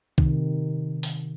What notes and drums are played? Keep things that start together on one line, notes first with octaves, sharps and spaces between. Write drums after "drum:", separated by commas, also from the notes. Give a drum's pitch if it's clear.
C3 D#3, drum: kick B1
drum: open hi-hat